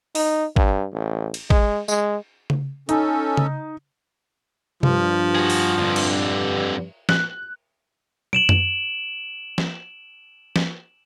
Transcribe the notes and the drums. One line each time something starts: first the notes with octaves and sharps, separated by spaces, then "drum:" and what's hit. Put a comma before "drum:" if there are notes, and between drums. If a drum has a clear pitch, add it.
D#4, drum: open hi-hat
G2, drum: kick
A1
drum: cymbal
G#3, drum: kick
G#3, drum: tambourine
drum: tom C#3
C#4 D#4 A4, drum: hi-hat
drum: tom C#3
G2 F3, drum: tom C3
F#4 G#4
drum: open hi-hat
F2 D3
drum: cymbal
F#6, drum: snare
D7 E7 F#7, drum: tom
drum: tom F#2
drum: snare
drum: snare